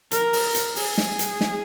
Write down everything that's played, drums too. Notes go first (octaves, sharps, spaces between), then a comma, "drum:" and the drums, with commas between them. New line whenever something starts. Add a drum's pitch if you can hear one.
A#4, drum: hi-hat
drum: open hi-hat
drum: hi-hat
G#4, drum: open hi-hat
drum: snare
drum: hi-hat
drum: snare